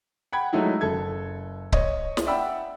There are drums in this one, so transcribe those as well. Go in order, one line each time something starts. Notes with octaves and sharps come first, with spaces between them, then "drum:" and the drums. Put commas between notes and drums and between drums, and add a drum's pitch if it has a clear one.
F#5 G5 B5 G#6
F#3 G#3 A3 D#4 E4
F#1 A4 G#6
C#5 D#5, drum: kick C#1
drum: snare
D5 E5 F#5 G5 B5 E6